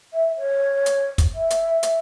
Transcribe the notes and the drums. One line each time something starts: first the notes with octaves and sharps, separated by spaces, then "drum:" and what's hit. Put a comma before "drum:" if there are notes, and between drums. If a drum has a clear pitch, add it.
E5
C#5
drum: hi-hat
drum: kick, hi-hat
E5
drum: hi-hat
drum: hi-hat